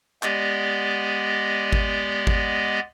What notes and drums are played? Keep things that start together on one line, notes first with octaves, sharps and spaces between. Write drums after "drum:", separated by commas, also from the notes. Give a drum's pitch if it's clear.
G#3 B3 G4 D5 D#5, drum: clap
drum: kick G#1
drum: kick G#1